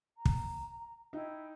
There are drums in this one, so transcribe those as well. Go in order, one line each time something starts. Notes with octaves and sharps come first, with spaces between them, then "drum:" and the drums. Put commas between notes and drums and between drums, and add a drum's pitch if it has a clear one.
A#5
drum: kick
D#4 E4 G5